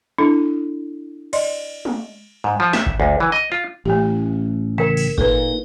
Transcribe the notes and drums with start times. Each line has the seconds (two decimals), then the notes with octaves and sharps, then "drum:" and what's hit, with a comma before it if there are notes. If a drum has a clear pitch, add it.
0.19 D4 E4 A4
1.33 D5 D#5 C6, drum: cymbal
1.85 drum: tom
2.44 G#2
2.60 F3
2.73 E5, drum: snare
2.86 drum: kick G#1
3.00 D2
3.20 E3
3.32 D#5
3.52 F4
3.85 A1 A3 G4
4.78 C#3 E3 A#4 G5
4.97 drum: open hi-hat
5.18 A#2 D#4 A4 B4, drum: kick G#1